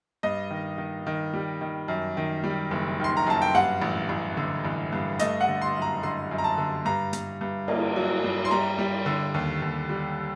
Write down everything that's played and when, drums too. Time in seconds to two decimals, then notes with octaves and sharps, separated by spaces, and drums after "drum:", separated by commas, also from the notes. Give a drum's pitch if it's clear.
0.23 G2 D#5
0.50 D#3
0.78 D#3
1.06 D#3
1.34 G3
1.61 D#3
1.88 F#2
2.17 D#3
2.44 G3
2.71 F#1
3.00 D#3 C6
3.17 A#5
3.26 F#2 A5
3.42 G5
3.55 G2 F#5
3.82 A1
4.09 A1
4.37 D3
4.65 A1
4.92 G2
5.19 A3 D#5, drum: hi-hat
5.41 F#5
5.48 D3
5.62 C6
5.76 F#2
5.82 A#5
6.03 D3 C6
6.31 F#2
6.38 A#5
6.44 A5
6.58 D3
6.85 G2 A#5
7.13 G2, drum: hi-hat
7.41 G2
7.68 A#3, drum: cymbal
7.96 F#3
8.24 G2
8.45 C6
8.51 G3 A#5
8.78 G3
9.06 D3
9.34 D#2
9.62 D#2
9.89 G3